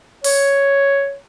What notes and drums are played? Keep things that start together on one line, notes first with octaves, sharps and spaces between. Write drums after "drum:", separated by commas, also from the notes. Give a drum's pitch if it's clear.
C#5, drum: open hi-hat